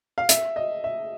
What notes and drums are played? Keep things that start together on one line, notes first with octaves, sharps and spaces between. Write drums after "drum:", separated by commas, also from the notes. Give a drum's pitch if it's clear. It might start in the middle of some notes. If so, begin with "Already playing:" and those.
F5
E5, drum: hi-hat
D#5
E5